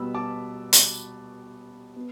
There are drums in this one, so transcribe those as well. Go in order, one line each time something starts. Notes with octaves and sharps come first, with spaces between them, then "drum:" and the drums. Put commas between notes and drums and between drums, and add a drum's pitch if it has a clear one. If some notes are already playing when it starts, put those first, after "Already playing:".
Already playing: B2 G3 B3 B5 E6
A5 D6
drum: hi-hat
B3